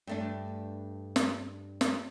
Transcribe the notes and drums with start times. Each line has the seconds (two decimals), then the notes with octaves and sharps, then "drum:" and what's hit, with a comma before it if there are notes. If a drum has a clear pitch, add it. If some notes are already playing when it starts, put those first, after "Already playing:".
0.07 G2 A3 D4
1.16 drum: snare
1.81 drum: snare